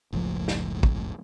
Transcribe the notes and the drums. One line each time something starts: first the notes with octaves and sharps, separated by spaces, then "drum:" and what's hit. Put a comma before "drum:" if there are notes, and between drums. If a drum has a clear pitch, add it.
F#1 C#2 A2 F3
drum: snare
drum: kick